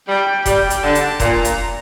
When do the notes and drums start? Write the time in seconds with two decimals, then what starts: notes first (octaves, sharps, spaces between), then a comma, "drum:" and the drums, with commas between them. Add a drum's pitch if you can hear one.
0.08 G3 G5
0.46 G3 G5, drum: kick F1, hi-hat
0.70 drum: hi-hat
0.83 D3 A5
0.95 drum: hi-hat
1.20 A#2 A#5, drum: kick F1, hi-hat
1.45 drum: hi-hat